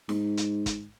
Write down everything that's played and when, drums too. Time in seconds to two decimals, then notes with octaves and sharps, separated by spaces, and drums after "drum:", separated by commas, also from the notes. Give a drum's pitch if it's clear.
0.09 G#2, drum: snare
0.37 drum: hi-hat
0.66 drum: kick, hi-hat